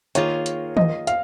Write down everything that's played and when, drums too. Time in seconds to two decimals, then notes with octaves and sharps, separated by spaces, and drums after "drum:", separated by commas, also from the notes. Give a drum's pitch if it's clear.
0.15 D#3 A#3 F4 G#4 C#5, drum: hi-hat
0.46 drum: hi-hat
0.77 D#5, drum: tom D#3
1.07 F5, drum: hi-hat